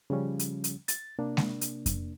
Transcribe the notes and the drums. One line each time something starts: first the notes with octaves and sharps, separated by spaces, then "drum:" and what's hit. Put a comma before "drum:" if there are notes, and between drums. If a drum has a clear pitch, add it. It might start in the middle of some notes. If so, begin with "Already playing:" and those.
C#3 F3 G3 C#4
drum: hi-hat
drum: hi-hat
A6, drum: hi-hat
C3 A#3 D4
drum: snare G#3
drum: hi-hat
drum: kick F2, hi-hat